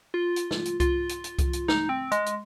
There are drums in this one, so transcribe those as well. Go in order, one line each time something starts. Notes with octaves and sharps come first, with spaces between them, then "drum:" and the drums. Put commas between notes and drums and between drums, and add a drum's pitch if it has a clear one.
F4
drum: hi-hat
drum: snare
drum: hi-hat
F4, drum: kick C2, hi-hat
drum: hi-hat
drum: hi-hat
drum: kick C2, hi-hat
drum: hi-hat
D#4, drum: snare
C4
G#3, drum: hi-hat
drum: hi-hat